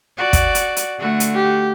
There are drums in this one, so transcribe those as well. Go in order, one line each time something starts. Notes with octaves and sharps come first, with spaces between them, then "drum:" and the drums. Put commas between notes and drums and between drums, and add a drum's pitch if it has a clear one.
F#4 D5
drum: kick, hi-hat
drum: hi-hat
drum: hi-hat
D3 A3 F#4
drum: hi-hat
G4